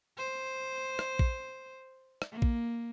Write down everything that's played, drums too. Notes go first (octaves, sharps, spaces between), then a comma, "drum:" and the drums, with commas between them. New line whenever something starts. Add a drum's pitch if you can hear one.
C5
drum: rim click
drum: kick A#1
drum: rim click
A#3
drum: kick A#1